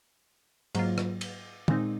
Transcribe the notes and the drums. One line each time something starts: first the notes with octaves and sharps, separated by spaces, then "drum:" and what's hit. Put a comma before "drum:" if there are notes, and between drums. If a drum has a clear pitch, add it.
G#2 F#3 A#3 F4, drum: cymbal
drum: rim click
drum: cymbal
A#2 G#3 C4 D#4, drum: tom